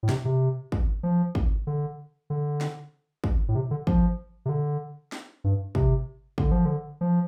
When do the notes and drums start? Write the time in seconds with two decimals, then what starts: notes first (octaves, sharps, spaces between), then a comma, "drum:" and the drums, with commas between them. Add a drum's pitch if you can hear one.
0.03 A2
0.09 C3, drum: snare
0.25 C3
0.72 drum: kick
1.03 F3
1.35 drum: kick
1.67 D3
2.30 D3
2.61 drum: snare
3.24 drum: kick
3.48 A2
3.55 C3
3.71 D3
3.87 F3, drum: kick
4.45 C3
4.49 D3
5.12 drum: snare
5.44 G2
5.75 C3, drum: kick
6.38 D3, drum: kick
6.52 F3
6.65 D3
7.01 F3